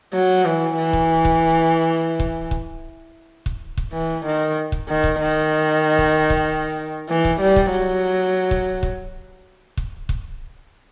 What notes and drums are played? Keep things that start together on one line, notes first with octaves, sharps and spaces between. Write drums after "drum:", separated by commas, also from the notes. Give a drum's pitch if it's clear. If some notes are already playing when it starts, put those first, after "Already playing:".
F#3
E3
E3
drum: kick
drum: kick
drum: kick
drum: kick
drum: kick
drum: kick
E3
D#3
drum: kick
D#3
drum: kick
D#3
drum: kick
drum: kick
E3
drum: kick
G3
drum: kick
F#3
drum: kick
drum: kick
drum: kick
drum: kick